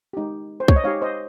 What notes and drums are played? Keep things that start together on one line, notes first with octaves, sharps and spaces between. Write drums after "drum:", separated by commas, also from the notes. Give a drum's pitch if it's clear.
G#3 D#4 G4
C5
C#5, drum: kick
D#5
G#3 D#4 G4 C#5 F5
C5 D#5